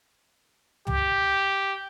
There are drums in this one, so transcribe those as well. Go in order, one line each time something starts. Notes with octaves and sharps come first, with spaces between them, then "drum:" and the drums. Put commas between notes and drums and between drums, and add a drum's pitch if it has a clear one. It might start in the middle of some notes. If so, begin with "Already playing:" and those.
G4, drum: tom